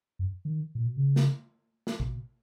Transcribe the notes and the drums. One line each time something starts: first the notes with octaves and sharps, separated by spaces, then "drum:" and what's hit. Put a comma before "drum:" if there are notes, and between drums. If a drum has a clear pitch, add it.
F#2
D#3
A#2
B2
C#3
drum: snare
drum: snare
B2, drum: kick